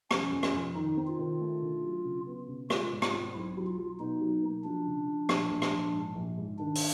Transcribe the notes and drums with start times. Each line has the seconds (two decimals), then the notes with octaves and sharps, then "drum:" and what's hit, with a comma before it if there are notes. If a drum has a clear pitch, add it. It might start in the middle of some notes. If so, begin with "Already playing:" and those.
0.11 F2 C#4, drum: rim click
0.32 F2
0.43 drum: rim click
0.53 F2
0.75 D#3 D#4
0.97 C4
1.07 F4
1.19 D#3
1.40 A3
1.62 D3
1.84 F#3
2.05 C#3
2.27 B3
2.48 C#3
2.70 G#3 F4, drum: rim click
2.92 G#2
3.02 F4, drum: rim click
3.13 C4
3.34 B1 E4
3.57 F#3
3.67 F4
3.78 F#3
4.00 B2 D#4
4.21 F#3
4.42 A#3
4.64 F3 D4
4.86 C#3
5.07 F3
5.29 A#1, drum: rim click
5.51 A#1
5.62 drum: rim click
5.73 A#1
5.94 G#2
6.15 A#1
6.37 G#2
6.59 D#3 D4
6.75 drum: open hi-hat